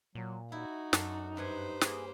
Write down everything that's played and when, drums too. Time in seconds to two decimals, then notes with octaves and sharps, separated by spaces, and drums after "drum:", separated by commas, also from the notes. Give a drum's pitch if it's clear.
0.15 A#2 F#3
0.52 D#4 E4 F#4
0.93 F#2 D4 A4 C6, drum: snare
1.37 G2 B4 C5 F#5 G#5
1.81 A#3 G#4, drum: snare